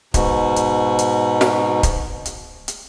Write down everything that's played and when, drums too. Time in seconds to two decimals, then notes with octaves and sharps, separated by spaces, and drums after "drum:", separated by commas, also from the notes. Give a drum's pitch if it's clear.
0.14 G#2 B2, drum: kick D1, hi-hat
0.56 drum: hi-hat
0.99 drum: hi-hat
1.41 drum: snare
1.83 drum: kick D1, hi-hat
2.26 drum: hi-hat
2.68 drum: hi-hat